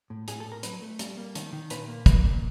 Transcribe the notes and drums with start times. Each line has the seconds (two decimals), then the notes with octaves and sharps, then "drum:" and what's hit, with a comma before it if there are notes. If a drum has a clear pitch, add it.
0.10 A2
0.28 A2 G#4, drum: hi-hat
0.40 A4
0.46 A2
0.52 A#4
0.63 F#3 B4, drum: hi-hat
0.82 A3
0.99 G3, drum: hi-hat
1.17 A#3
1.35 D#3, drum: hi-hat
1.53 D#3
1.70 A#2 B4, drum: hi-hat
1.88 A#3
2.06 A#3 B4, drum: kick, hi-hat
2.24 A#2